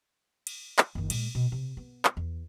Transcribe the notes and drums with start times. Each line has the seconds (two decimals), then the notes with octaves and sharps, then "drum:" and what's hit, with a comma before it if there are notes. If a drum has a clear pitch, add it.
0.47 drum: cymbal
0.78 drum: clap
0.95 F#1 D#3
1.10 A#2 G#3, drum: cymbal
1.35 B2
1.52 C3
1.77 B3
2.05 drum: clap
2.17 E2